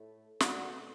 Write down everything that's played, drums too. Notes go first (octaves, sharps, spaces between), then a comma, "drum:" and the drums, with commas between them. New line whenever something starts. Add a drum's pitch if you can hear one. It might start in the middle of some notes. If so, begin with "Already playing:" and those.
Already playing: A2 A3
B2 A3 D4 F#4, drum: snare